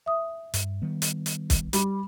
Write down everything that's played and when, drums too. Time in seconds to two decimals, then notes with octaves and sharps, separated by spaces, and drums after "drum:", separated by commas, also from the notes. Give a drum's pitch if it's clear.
0.06 E5 D#6
0.54 G2, drum: hi-hat
0.82 D#3 G3 B3
1.02 drum: hi-hat
1.26 drum: hi-hat
1.50 drum: kick, hi-hat
1.73 G3, drum: hi-hat